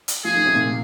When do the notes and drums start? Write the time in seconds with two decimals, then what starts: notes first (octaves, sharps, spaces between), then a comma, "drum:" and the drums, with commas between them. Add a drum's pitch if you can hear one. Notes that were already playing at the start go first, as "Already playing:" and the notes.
0.08 drum: hi-hat
0.24 F3 F4 G#4
0.34 D#3 D#4
0.44 C3 C4
0.54 A#2 A#3